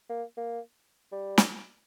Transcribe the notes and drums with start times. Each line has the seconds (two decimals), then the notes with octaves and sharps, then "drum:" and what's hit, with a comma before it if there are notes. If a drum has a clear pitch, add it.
0.09 A#3
0.37 A#3
1.12 G3
1.38 drum: snare